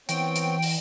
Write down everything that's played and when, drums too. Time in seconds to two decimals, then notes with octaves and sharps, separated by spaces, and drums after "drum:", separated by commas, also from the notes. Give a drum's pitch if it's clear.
0.09 E3 B3 C4 C#5 G5, drum: hi-hat
0.36 drum: hi-hat
0.62 drum: open hi-hat